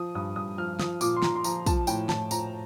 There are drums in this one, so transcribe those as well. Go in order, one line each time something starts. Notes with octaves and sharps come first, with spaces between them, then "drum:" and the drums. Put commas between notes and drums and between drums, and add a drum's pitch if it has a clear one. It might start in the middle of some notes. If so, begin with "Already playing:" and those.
Already playing: F3 D#6
G2 D#6
G2 D#6
F3 F6
F3 D#6, drum: snare
A#2 D6, drum: tambourine
C6
A#2 A#5, drum: snare
C6
F3 A#5, drum: tambourine
F3 A5, drum: kick, tambourine
A2 G5, drum: tambourine
A2 A5, drum: snare
F3 A#5, drum: tambourine